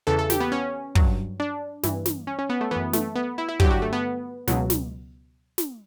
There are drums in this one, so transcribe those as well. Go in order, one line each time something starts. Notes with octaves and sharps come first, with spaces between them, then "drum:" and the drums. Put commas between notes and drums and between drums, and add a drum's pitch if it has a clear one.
E2 C#3 E3 A4
A4
G4, drum: snare
B3
C#4
G2 F#3, drum: kick
D4
G2 E3, drum: snare
drum: snare
C#4
C#4
B3
A3
F#2 E3 B3
A3, drum: snare
B3
E4
E4
G2 D3 F#3 G4, drum: kick
F#4
A3
B3
C#2 B2 F#3, drum: snare
drum: snare
drum: snare